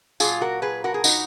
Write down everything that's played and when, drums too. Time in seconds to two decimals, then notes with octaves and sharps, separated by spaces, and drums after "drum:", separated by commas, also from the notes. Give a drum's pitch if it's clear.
0.20 A#2 F#3 F4 G#4, drum: tambourine
0.41 F#4 A#4
0.62 G#4 B4
0.84 F#4 A#4
0.94 G#4
1.04 D#4 F#4, drum: tambourine